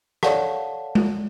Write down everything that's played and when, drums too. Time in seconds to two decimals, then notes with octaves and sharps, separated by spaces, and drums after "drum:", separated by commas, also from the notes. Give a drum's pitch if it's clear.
0.23 A4 C#5 D5 F5 F#5 A5, drum: rim click
0.95 drum: tom G#3